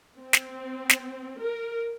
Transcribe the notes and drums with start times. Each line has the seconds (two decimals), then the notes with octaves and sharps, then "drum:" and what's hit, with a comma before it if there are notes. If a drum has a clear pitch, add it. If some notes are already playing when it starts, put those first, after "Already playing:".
0.19 C4
0.33 drum: snare
0.89 drum: snare
1.39 A#4